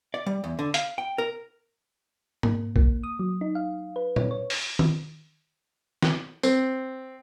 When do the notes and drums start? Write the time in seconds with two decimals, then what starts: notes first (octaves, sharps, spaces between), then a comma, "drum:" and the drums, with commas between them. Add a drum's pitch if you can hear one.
0.14 D5
0.26 G3
0.44 E2
0.59 D3
0.74 F5, drum: hi-hat
0.98 G5
1.18 A#4
2.43 A#3, drum: tom G#2
2.76 A#3, drum: kick B1
3.03 D#6
3.19 F#3
3.41 D#4
3.55 F5
3.96 B4
4.16 C#5, drum: tom A#2
4.31 C#5
4.50 drum: open hi-hat
4.79 drum: tom D#3
6.03 drum: snare
6.43 C4, drum: tambourine